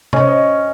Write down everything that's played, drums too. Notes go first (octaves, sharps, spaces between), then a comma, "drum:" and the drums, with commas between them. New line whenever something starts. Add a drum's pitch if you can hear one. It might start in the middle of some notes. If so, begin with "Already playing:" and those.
C#4 D#5, drum: tom C3
C#5
D#5